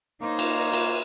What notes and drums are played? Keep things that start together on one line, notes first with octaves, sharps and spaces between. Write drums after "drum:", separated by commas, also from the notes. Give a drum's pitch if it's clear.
A#3 D#4 C5 C#5
drum: cymbal
drum: cymbal